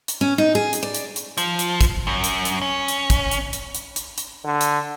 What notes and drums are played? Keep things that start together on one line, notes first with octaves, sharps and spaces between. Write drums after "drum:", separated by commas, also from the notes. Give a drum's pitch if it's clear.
drum: hi-hat
C#4
D#4
G#4
drum: hi-hat
D5
drum: hi-hat
drum: hi-hat
F3, drum: hi-hat
drum: hi-hat
drum: kick, hi-hat
F#2
drum: hi-hat
drum: hi-hat
C#4
drum: hi-hat
drum: kick, hi-hat
drum: hi-hat
drum: hi-hat
drum: hi-hat
drum: hi-hat
drum: hi-hat
D3
drum: hi-hat